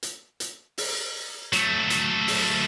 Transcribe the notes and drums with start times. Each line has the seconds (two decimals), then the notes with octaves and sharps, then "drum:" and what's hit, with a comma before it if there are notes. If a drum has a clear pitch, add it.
0.03 drum: hi-hat
0.40 drum: hi-hat
0.78 drum: open hi-hat
1.53 F#3 A3, drum: hi-hat
1.90 drum: hi-hat
2.28 drum: open hi-hat